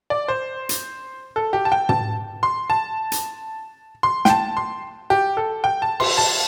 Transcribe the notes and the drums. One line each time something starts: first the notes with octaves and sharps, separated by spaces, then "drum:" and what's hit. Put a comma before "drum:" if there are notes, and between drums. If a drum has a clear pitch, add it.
D5
C5
drum: hi-hat
A4
G4
A5
G5
A5, drum: tom
C6
A5
drum: hi-hat
C6
G5, drum: snare
A5
C6
G4
A4
G5
A5
C6, drum: cymbal
A5